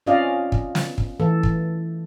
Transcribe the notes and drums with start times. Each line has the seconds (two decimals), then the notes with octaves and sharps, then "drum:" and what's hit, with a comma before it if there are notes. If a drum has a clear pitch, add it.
0.06 C4 C#4 F4 D5 D#5 F5
0.52 drum: kick
0.75 drum: snare
0.98 drum: kick
1.20 E3 A3 A4
1.43 drum: kick